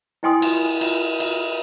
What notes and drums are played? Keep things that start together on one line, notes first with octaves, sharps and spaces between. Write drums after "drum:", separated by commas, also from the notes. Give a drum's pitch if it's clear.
E4 D#5 G5 G#5 C6 D#6
drum: cymbal
drum: cymbal
drum: cymbal